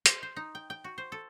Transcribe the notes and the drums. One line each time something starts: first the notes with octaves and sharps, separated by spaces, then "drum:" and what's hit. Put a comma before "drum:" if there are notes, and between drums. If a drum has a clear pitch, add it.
C5, drum: hi-hat
C5
D#4
G5
G5
F#4
C5
A4